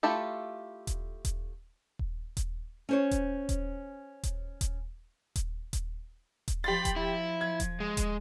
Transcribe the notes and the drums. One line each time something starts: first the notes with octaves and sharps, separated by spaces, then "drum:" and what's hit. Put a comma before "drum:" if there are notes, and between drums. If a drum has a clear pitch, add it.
A3 E4 F4 G4 A4
drum: kick D#1, hi-hat
drum: kick D#1, hi-hat
drum: kick D#1
drum: kick D#1, hi-hat
C#4 C5 C#5
drum: kick D#1, hi-hat
drum: kick D#1, hi-hat
drum: kick D#1, hi-hat
drum: kick D#1, hi-hat
drum: kick D#1, hi-hat
drum: kick D#1, hi-hat
drum: kick D#1, hi-hat
F3 G4 B5 C6 A6
drum: kick D#1, hi-hat
F3 E4
G#6
drum: kick D#1, hi-hat
G#3
drum: kick D#1, hi-hat